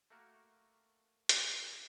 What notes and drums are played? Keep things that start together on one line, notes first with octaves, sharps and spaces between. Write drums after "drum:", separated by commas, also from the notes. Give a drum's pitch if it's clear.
A3 A#3 F#4 A#4
drum: hi-hat